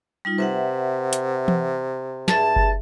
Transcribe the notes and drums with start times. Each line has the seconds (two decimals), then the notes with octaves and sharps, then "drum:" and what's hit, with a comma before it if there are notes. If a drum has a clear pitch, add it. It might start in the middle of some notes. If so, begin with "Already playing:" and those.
0.25 G3 D#4 F4
0.38 C3 B4 E5 F#5
1.13 drum: hi-hat
1.48 drum: tom E3
2.28 G2 G#4 E5 A5, drum: snare
2.56 drum: kick F#1